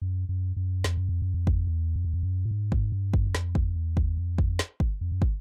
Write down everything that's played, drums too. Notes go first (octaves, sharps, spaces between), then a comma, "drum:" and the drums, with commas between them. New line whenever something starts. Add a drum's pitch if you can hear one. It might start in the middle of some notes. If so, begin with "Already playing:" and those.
F#2
F#2
F#2
F2, drum: snare
F#2
F2
F#2
F2
drum: kick
E2
F2
E2
F2
F#2
A2
G#2
drum: kick
G2
drum: kick
F#2
F2, drum: snare
drum: kick
E2
drum: kick
F2
drum: kick
drum: snare
drum: kick
F2
F#2
drum: kick